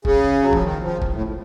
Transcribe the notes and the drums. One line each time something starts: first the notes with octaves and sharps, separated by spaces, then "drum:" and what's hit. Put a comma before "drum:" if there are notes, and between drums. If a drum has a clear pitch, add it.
C#3, drum: kick E1
F#3
F3, drum: kick E1
D#3
F3
drum: kick E1
A2